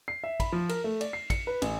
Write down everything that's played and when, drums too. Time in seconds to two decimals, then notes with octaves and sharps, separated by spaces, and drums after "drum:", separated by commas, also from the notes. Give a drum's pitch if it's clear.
0.08 C7
0.24 E5
0.40 B5, drum: kick, cymbal
0.52 F3
0.69 A#4, drum: cymbal
0.84 A3
1.01 D5, drum: cymbal
1.13 C7
1.30 C#7, drum: kick, cymbal
1.47 B4
1.62 A1, drum: cymbal